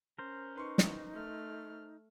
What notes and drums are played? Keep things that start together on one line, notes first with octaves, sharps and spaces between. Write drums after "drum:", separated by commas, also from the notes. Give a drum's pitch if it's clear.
C#4 A#4 C5
D#4 B4 C6 C#6
drum: snare
A3 F6